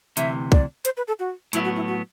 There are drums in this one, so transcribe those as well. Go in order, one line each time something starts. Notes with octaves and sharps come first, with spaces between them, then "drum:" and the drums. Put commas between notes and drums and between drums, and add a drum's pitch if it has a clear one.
D2 C3 E3 E5, drum: hi-hat
D5, drum: kick
C5, drum: hi-hat
B4
A4
F#4
A2 F#3 B3 E4, drum: hi-hat
F#4
E4
F#4